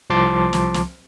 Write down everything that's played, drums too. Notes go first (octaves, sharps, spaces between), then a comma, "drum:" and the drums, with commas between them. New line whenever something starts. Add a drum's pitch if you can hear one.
C2 F3 A5 C6 D6
drum: snare
drum: snare